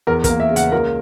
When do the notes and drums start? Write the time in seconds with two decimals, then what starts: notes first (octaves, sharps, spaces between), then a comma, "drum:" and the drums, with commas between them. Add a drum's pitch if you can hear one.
0.07 E2 A#4
0.24 A#4, drum: kick, hi-hat
0.29 A#3
0.40 E5
0.50 C#3
0.56 F#5, drum: hi-hat
0.72 C#2 A#4